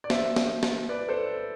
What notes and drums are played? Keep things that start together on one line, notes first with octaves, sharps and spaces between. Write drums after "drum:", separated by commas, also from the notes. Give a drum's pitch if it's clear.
D5
C5 E5, drum: snare
drum: snare
drum: snare
B4 D5
A4 C5